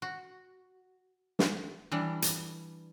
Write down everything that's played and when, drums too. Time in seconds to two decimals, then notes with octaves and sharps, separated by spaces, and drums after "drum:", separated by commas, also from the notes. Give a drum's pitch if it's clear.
0.02 F#4
1.39 drum: snare
1.92 E3 G3 D4
2.22 drum: hi-hat